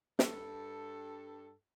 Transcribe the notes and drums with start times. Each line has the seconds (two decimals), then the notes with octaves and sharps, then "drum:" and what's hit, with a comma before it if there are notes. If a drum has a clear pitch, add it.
0.19 G2 A4, drum: snare